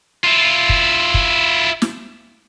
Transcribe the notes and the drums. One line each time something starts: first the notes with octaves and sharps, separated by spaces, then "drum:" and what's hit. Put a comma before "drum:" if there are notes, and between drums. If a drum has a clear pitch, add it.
E4 F4
drum: kick
drum: kick
drum: snare